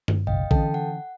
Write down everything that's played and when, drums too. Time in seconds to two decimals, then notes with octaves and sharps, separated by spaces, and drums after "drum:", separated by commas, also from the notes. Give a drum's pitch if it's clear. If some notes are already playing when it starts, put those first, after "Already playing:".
0.08 drum: tom G2
0.27 F#1 B1 D#5 F5 G5
0.51 D3 E3 C#4 A4 G5 A5, drum: kick A#1
0.74 F#5